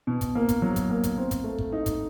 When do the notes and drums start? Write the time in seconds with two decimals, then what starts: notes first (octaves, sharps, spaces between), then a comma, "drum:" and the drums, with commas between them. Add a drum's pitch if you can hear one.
0.07 B2
0.21 drum: kick, hi-hat
0.35 A#3
0.49 drum: kick, hi-hat
0.62 F#3
0.76 drum: kick, hi-hat
0.90 A#3
1.04 drum: kick, hi-hat
1.18 C4
1.31 drum: kick, hi-hat
1.44 A3
1.58 drum: kick
1.72 D#4
1.86 drum: kick, hi-hat